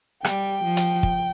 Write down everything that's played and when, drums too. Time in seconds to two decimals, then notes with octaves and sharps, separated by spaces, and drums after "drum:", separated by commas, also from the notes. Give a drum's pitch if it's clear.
0.24 G3 G5, drum: rim click
0.64 F3
0.77 drum: hi-hat
1.03 drum: kick